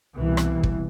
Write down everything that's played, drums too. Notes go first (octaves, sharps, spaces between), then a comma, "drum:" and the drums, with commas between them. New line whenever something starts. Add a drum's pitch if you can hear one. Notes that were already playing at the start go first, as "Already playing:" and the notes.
C2 B2 E3
drum: rim click
drum: kick